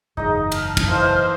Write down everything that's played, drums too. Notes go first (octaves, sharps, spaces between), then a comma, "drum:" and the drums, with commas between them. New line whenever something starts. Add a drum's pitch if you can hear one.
F#1 E2 G#2 D#4 G#4 D#5
A5 F6, drum: cymbal
drum: kick, cymbal
E3 C5 D#5 F5